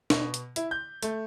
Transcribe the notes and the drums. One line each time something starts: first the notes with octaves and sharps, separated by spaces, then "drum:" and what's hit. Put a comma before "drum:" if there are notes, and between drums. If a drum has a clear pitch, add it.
B2, drum: snare D4
drum: hi-hat
E4, drum: hi-hat
G6
A3, drum: hi-hat